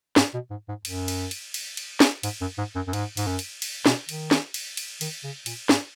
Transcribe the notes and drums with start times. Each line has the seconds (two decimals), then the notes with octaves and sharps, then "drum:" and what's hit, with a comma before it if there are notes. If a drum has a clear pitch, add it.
0.16 G#2, drum: snare
0.34 B2
0.50 G#2
0.68 G#2
0.85 F#2, drum: cymbal
1.08 drum: cymbal
1.31 drum: cymbal
1.54 drum: cymbal
1.77 drum: cymbal
2.00 drum: snare
2.23 G#2, drum: cymbal
2.41 F#2
2.58 G#2
2.75 F#2
2.87 F#2
2.93 G#2, drum: cymbal
3.17 G#2, drum: cymbal
3.27 F#2
3.39 drum: cymbal
3.62 drum: cymbal
3.86 B2, drum: snare
4.09 D#3, drum: cymbal
4.31 drum: snare
4.54 drum: cymbal
4.77 drum: cymbal
5.01 D#3, drum: cymbal
5.23 C#3
5.46 A#2, drum: cymbal
5.69 G#2, drum: snare